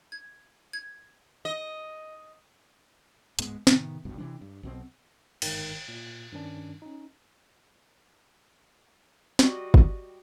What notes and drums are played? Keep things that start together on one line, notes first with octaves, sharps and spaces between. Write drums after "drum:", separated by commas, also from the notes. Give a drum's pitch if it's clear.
G#6
G#6
D#5
D1 G#2 G#3 B3, drum: hi-hat
A2 C3 D#3 B3, drum: snare
F#1 C2 G2 B2
C3 E3 D4
G2
B1 B2 C4
G1 G#2 D#3 A#4 G5, drum: cymbal
A#2
G2 D#3 C#4 D4
C#4 D#4
G3 F#4 D#5 F#5, drum: snare
drum: kick